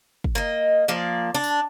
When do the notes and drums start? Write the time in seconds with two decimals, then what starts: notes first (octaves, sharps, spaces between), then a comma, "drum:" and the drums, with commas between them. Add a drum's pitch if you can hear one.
0.24 drum: kick
0.35 A#3 D#5
0.88 F3 A#3 D5
1.35 D4
1.44 drum: tambourine